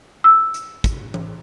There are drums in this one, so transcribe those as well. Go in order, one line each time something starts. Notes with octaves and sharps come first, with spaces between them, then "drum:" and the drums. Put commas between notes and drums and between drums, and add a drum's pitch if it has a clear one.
E6
drum: hi-hat
drum: kick, hi-hat
drum: tom E3